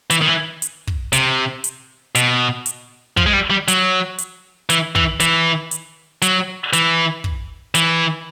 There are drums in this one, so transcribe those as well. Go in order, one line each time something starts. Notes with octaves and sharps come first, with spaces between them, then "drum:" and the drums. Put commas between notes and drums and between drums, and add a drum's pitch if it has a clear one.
E3, drum: hi-hat
D#3
E3
drum: hi-hat
drum: kick
C3, drum: hi-hat
drum: hi-hat
B2, drum: hi-hat
drum: hi-hat
F3, drum: kick
G#3
G3
G3
F#3, drum: hi-hat
drum: hi-hat
E3, drum: hi-hat
E3, drum: kick
E3, drum: hi-hat
drum: hi-hat
F#3, drum: hi-hat
E3, drum: hi-hat
drum: kick
E3, drum: hi-hat